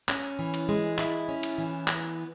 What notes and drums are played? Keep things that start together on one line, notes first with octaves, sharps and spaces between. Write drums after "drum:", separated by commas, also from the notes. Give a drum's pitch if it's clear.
C#4, drum: clap
E3
drum: cymbal
G#3
E4, drum: clap
C#4
drum: cymbal
E3
B3, drum: clap